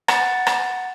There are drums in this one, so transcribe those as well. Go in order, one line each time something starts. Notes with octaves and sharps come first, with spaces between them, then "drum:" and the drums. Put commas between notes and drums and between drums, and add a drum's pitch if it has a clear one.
F#5 A6, drum: rim click
drum: rim click